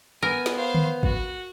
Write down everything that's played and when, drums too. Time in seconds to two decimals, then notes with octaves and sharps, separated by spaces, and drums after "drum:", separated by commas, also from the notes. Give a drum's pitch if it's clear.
0.23 B3 A#4 G#5
0.46 drum: snare
0.55 C5 F5
0.75 drum: tom D3
1.03 F#4, drum: kick